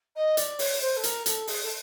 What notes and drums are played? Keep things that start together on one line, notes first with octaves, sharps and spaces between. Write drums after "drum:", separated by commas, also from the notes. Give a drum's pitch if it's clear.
D#5
D5, drum: hi-hat
C#5, drum: open hi-hat
C5
A4
A#4, drum: hi-hat
A4, drum: hi-hat
G#4, drum: open hi-hat
A4